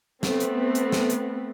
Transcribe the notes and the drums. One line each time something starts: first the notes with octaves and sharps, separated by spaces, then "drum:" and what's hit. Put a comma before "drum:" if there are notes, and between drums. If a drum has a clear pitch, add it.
A3 B3 C4, drum: snare
drum: hi-hat
drum: hi-hat
drum: snare
drum: hi-hat